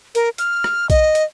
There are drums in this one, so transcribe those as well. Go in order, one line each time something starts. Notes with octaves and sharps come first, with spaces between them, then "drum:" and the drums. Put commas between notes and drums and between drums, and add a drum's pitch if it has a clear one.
A#4, drum: hi-hat
F6, drum: hi-hat
drum: rim click
D#5, drum: kick B1, hi-hat
drum: hi-hat